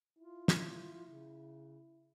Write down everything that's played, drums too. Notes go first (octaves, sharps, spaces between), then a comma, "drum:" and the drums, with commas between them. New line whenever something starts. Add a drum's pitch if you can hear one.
E4 F4
drum: snare
C#3